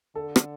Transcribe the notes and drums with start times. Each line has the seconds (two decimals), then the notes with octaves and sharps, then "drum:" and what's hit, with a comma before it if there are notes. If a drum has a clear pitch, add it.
0.15 D3 A4
0.36 drum: rim click